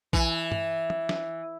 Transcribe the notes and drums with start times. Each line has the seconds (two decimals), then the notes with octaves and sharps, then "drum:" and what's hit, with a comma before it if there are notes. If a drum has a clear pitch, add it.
0.13 E3, drum: kick A#1
0.52 drum: tom
0.90 drum: tom
1.09 drum: snare